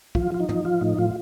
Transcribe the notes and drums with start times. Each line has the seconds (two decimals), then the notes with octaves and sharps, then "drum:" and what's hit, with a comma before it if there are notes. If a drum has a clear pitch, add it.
0.15 F3 F4, drum: kick
0.32 F3 F4
0.40 D#4
0.49 F3, drum: tom
0.65 F3 F4
0.81 A2 D#4
0.98 A2 F4